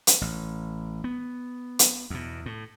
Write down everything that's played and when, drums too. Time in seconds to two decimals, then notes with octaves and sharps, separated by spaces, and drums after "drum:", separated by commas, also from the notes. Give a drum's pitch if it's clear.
0.07 drum: hi-hat
0.21 A1
1.04 B3
1.79 drum: hi-hat
2.10 E2 B2
2.46 A2